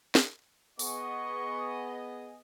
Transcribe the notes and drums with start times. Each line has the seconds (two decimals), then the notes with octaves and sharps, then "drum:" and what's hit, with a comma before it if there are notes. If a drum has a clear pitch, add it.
0.15 drum: snare
0.79 B3 G#4 D#5 C#6, drum: open hi-hat